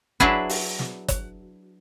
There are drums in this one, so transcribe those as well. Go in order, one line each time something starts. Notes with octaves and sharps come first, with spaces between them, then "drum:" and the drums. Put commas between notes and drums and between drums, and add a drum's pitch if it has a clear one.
F#3 D4 E4 G#4 B4, drum: kick
drum: open hi-hat
drum: snare
drum: kick, hi-hat